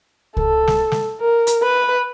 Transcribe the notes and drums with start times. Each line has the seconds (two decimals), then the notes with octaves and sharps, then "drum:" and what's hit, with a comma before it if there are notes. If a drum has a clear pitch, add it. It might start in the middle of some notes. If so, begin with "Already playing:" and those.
0.37 A4, drum: kick C2
0.67 drum: snare
0.92 drum: snare
1.20 A#4
1.47 drum: hi-hat
1.63 B4